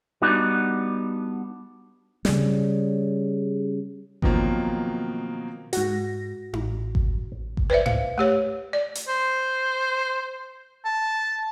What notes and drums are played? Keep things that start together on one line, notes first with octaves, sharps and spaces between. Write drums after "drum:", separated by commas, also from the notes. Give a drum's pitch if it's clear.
G3 B3 D4 D#4 F#4
C#3 G3, drum: snare
B2 D#3 F3 F#3 A#3 C4, drum: kick G#1
G#2 F#4 A#6, drum: hi-hat
A1, drum: tom D#4
drum: kick G#1
drum: kick G#1
B4 C5 D5 E5
F5, drum: tom G#2
A3 G4 C#5
D5
drum: hi-hat
C5
A5